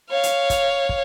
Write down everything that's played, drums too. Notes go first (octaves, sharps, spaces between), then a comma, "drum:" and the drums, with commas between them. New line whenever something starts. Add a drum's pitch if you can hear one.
C#5 F5
drum: hi-hat
drum: kick, hi-hat
drum: kick